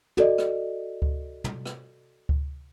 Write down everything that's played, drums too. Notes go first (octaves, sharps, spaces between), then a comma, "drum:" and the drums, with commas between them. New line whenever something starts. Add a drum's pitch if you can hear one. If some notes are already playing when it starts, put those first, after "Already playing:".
F#4 A4 D5 D#5, drum: tom
drum: rim click
drum: kick C#2
drum: tom
drum: rim click
drum: kick C#2